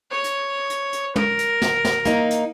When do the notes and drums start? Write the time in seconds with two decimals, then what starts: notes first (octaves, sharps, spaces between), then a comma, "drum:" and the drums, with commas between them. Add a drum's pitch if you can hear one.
0.11 C#5
0.24 drum: hi-hat
0.70 drum: hi-hat
0.93 drum: hi-hat
1.16 A#4, drum: tom
1.39 drum: hi-hat
1.62 drum: snare
1.85 drum: snare
2.05 A#3 D#4, drum: hi-hat
2.30 drum: hi-hat